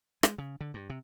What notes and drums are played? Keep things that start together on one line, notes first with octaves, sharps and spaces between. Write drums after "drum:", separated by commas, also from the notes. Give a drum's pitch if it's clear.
G#3, drum: rim click
C#3
D3
G2
C3